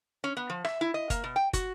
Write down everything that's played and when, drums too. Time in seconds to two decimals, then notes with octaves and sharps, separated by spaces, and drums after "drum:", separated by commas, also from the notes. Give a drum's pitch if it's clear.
0.24 C#4
0.37 B3
0.50 F3
0.65 E5, drum: rim click
0.81 E4
0.94 D#5
1.10 A#3, drum: kick, hi-hat
1.24 B2
1.36 G5
1.53 F#4, drum: kick, hi-hat